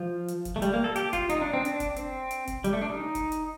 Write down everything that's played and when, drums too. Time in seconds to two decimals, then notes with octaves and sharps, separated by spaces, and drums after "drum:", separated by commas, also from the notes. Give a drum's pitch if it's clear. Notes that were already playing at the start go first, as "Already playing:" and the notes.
Already playing: F3
0.28 drum: hi-hat
0.45 drum: kick F1, hi-hat
0.56 A3
0.62 G3, drum: hi-hat
0.74 A#3
0.84 A4
0.96 G4, drum: hi-hat
1.13 F4, drum: kick F1, hi-hat
1.29 D#4, drum: hi-hat
1.41 D4
1.53 C4
1.65 D4, drum: hi-hat
1.80 drum: kick F1, hi-hat
1.96 C4, drum: hi-hat
2.31 drum: hi-hat
2.47 drum: kick F1, hi-hat
2.64 G3, drum: hi-hat
2.73 A3
2.81 D4
2.90 D#4
3.15 drum: kick F1, hi-hat
3.32 drum: hi-hat